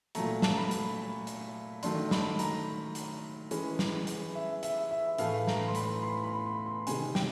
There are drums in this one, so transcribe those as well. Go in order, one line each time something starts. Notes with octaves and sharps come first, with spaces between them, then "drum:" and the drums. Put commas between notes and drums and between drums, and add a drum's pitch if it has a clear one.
A#2 F#3 A3 A#5, drum: hi-hat
A5, drum: snare
A#5
B5
drum: hi-hat
drum: hi-hat
D#3 F#3 A3 D4 C6, drum: hi-hat
B5, drum: snare
A#5, drum: hi-hat
drum: hi-hat
E3 G#3 C#4, drum: hi-hat
drum: snare
drum: hi-hat
E5
E5, drum: hi-hat
E5
A2 E3 A3 F5, drum: hi-hat
A#5, drum: snare
C6
B5, drum: hi-hat
C6
B5
C6
C6
C3 D#3 G#3 G#5, drum: hi-hat
G5, drum: snare